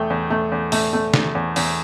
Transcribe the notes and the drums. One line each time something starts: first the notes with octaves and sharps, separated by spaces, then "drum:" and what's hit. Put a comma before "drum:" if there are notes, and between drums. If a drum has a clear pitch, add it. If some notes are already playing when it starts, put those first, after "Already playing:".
Already playing: E2 A3 G5
E2
A3
E2
A3, drum: open hi-hat
A3
E2, drum: snare
E2
E2, drum: open hi-hat